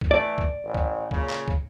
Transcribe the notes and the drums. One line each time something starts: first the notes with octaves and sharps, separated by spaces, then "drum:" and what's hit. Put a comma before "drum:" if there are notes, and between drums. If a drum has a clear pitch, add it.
drum: kick
E3 A3 D5
drum: kick
A1
drum: kick
A#2 C#3, drum: kick
drum: clap
drum: kick